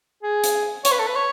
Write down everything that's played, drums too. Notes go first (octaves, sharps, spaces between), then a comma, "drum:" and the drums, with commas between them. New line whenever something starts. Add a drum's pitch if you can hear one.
G#4
drum: hi-hat
C#5, drum: hi-hat
B4
A4
B4
C#5